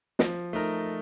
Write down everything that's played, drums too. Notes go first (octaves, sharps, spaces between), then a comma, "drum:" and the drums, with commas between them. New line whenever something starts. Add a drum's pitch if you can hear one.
F3, drum: snare
A3 D#4 A#4